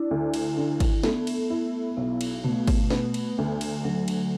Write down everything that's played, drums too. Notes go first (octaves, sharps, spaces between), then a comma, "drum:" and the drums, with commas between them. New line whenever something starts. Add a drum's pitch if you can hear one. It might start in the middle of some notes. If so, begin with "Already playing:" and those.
Already playing: D4 E4
D2
drum: cymbal
D3
drum: kick G#1, cymbal
A3 B3, drum: snare
drum: cymbal
E4
B1 B3
drum: cymbal
B2 A3
drum: kick G#1, cymbal
B3, drum: snare
drum: cymbal
D2
drum: cymbal
D2 F#3
drum: cymbal